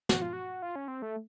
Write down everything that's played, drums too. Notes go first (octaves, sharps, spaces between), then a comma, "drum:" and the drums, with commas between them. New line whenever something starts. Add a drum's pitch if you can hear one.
F#4, drum: snare
F4
F#4
F4
C#4
C4
A3